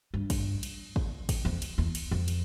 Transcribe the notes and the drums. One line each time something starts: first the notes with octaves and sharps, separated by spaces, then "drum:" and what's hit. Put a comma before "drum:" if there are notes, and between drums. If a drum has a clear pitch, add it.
G2
drum: kick, cymbal
drum: cymbal
drum: kick
drum: kick, cymbal
F2
drum: cymbal
E2
drum: cymbal
F2
drum: cymbal